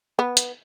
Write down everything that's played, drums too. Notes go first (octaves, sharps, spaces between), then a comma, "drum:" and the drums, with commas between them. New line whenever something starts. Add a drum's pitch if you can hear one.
B3
drum: hi-hat